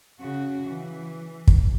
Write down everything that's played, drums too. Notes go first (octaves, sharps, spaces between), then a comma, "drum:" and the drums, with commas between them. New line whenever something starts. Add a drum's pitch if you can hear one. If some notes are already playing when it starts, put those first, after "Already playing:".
C#3 F#4
E3
drum: kick